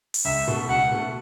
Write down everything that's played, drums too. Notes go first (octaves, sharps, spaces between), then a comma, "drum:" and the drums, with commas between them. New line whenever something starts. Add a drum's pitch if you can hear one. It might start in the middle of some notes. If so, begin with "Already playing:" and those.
drum: open hi-hat
C#2 E5
B2 A3
C#2 F#5
B2 A3